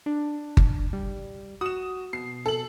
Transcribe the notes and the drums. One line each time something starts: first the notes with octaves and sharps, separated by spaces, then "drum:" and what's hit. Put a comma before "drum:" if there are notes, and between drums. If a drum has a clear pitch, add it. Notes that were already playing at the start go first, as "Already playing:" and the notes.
D4
drum: kick G1
G3
F#4 D#6 E7
B2 C7
A4 F#7